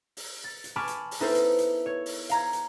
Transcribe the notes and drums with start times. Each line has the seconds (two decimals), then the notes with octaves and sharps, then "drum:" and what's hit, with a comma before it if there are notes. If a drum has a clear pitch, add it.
0.17 drum: open hi-hat
0.44 A6
0.64 drum: hi-hat
0.76 G#5 A5 B5 C#6 D6 F6
0.88 drum: hi-hat
1.11 drum: open hi-hat
1.20 B3 D#4 E4 A4 A#4 C5
1.35 drum: hi-hat
1.58 drum: hi-hat
1.86 C#5
2.06 drum: open hi-hat
2.29 F5 A#5 G#6, drum: hi-hat
2.53 drum: hi-hat